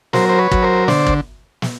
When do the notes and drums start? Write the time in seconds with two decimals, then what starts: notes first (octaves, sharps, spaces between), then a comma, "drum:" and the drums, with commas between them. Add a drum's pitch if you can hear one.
0.13 F#3 A#4 C5, drum: snare
0.29 C5
0.39 B4 C#5
0.51 F#3, drum: kick
0.63 A#4 C5
0.88 D3 C5 D5, drum: snare
1.06 drum: kick
1.62 drum: snare